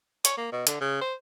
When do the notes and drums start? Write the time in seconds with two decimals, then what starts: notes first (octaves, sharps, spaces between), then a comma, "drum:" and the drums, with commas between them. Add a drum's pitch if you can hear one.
0.25 C#5, drum: hi-hat
0.37 A#3
0.52 B2
0.67 D3, drum: hi-hat
0.81 C#3
1.01 C5